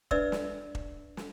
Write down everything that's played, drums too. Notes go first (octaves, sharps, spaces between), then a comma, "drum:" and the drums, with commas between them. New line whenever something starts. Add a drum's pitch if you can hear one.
D4 B4 D5 E5 E6, drum: kick E1
drum: snare
drum: kick E1
drum: snare